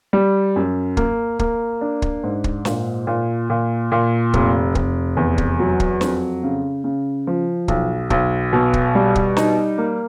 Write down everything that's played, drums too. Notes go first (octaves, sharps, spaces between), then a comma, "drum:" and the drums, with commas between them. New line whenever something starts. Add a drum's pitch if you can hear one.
G3
F#2
A#3, drum: kick
A#3, drum: kick
D4
drum: kick
G#2
drum: kick
A#2, drum: snare
A#2
A#2
A#2
F1, drum: kick
F1, drum: kick
E2
drum: kick
F#3
drum: kick
F2, drum: snare
C#3
C#3
F3
B1, drum: kick
B1, drum: kick
B2
drum: kick
G3
drum: kick
D#4, drum: snare
A#3